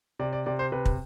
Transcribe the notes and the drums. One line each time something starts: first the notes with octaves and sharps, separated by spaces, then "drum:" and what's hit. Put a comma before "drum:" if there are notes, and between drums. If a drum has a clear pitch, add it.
C3 D5
D5
C3 D5
C5
C3 B4
drum: kick